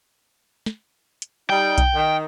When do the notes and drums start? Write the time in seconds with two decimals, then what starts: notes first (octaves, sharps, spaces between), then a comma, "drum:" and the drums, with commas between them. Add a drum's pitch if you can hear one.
0.66 drum: snare
1.22 drum: hi-hat
1.50 G3 D#4 G5
1.78 drum: kick B1, hi-hat
1.94 D#3